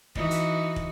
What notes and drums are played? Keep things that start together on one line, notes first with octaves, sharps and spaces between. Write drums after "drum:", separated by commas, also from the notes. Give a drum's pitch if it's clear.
E3 D#4 F#4, drum: kick
drum: hi-hat
drum: kick